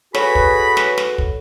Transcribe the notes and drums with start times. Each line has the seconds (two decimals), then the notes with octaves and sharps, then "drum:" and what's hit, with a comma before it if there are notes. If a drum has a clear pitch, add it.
0.14 F#4 G#4 A4 B4 C#5 B5, drum: snare
0.35 drum: kick
0.77 drum: snare
0.98 drum: snare
1.18 drum: kick